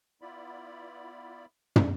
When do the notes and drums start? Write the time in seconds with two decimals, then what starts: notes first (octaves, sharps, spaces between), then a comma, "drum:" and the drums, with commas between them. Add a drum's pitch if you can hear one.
0.22 B3 E4 F4 D5 B5
1.76 drum: tom